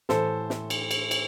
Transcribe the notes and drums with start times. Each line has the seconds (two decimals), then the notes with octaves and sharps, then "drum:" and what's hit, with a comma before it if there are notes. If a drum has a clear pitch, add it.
0.09 A2 E3 A4 C5, drum: snare
0.50 drum: snare
0.70 drum: cymbal
0.91 drum: cymbal
1.11 drum: cymbal